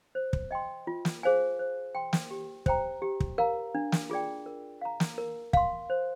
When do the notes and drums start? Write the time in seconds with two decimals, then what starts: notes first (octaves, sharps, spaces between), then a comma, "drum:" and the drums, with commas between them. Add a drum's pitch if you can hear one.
0.15 C5
0.33 drum: kick
0.51 D#5 G5 C6
0.87 F4
1.05 drum: snare
1.23 G#4 C5 F5 G#5
1.59 C5
1.95 G5 C6
2.13 drum: snare
2.31 G4
2.66 C5 G5 A#5, drum: kick
3.02 G4
3.20 drum: kick
3.38 A#4 F5 A#5
3.75 D4
3.92 drum: snare
4.10 F4 G#4 D5 G5
4.46 A#4
4.81 F5 A#5
5.00 drum: snare
5.18 A#4
5.53 F5 C6, drum: kick
5.90 C5